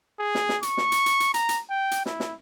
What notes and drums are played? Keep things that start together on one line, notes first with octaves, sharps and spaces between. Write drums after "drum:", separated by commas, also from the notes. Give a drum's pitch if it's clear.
G#4
drum: snare
drum: snare
C#6, drum: hi-hat
drum: snare
drum: hi-hat
drum: hi-hat
drum: hi-hat
A#5, drum: hi-hat
drum: hi-hat
G5
drum: hi-hat
E4, drum: snare
drum: snare